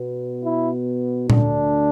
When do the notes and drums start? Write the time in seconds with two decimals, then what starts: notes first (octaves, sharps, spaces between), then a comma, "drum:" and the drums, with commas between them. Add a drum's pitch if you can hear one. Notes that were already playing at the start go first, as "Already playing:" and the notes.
Already playing: B2 B3
0.44 E4
1.30 D2 D3 A3 D4, drum: tom A#2